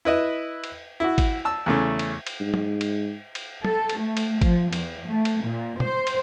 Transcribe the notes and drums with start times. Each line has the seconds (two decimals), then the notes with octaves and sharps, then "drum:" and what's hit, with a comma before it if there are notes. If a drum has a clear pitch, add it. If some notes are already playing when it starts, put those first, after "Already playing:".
0.05 E4 B4 D#5 E5
0.64 drum: cymbal
1.00 E4 F#4
1.18 drum: kick G#1, cymbal
1.45 A5 E6
1.66 E2 C#3 A3
1.99 drum: cymbal
2.27 drum: cymbal
2.40 G#2
2.54 drum: tom
2.81 drum: cymbal
3.35 drum: cymbal
3.65 A4, drum: tom
3.89 drum: cymbal
3.99 A3
4.17 drum: cymbal
4.41 F3, drum: kick G#1, cymbal
4.73 E2, drum: cymbal
5.07 A3
5.25 drum: cymbal
5.45 A#2
5.80 C5, drum: tom
6.07 drum: cymbal